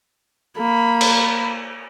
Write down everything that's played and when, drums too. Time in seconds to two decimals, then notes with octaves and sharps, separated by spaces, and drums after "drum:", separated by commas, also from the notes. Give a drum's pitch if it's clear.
0.58 A#3 B5
1.01 drum: cymbal